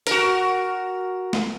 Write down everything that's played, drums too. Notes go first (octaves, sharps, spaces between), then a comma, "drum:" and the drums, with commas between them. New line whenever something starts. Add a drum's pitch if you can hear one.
F#4 A#4, drum: hi-hat
drum: snare